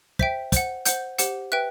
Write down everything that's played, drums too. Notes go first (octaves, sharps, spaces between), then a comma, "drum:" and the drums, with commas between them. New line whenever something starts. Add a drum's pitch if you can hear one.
C5 E5 G5 B6, drum: kick
C5 F#5, drum: kick, hi-hat
C5 F#5 G6, drum: hi-hat
G4 C5 F#5, drum: hi-hat
B4 E5 G5 F#6